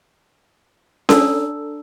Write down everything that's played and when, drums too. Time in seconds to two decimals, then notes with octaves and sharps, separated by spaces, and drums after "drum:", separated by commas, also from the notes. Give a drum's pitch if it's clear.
1.09 D4 A4 D5 A5 A#5 E6, drum: snare C#4